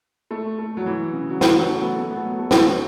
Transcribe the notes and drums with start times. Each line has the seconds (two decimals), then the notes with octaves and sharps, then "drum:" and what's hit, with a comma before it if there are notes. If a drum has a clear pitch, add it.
0.31 A3
0.58 A3
0.77 F#3
0.86 E3
1.13 C#3
1.29 F#3
1.41 E3, drum: snare
1.55 F#3
1.68 A3
1.82 B3
1.96 A3
2.10 B3
2.16 A3
2.24 F#3
2.39 A3
2.51 F#3, drum: snare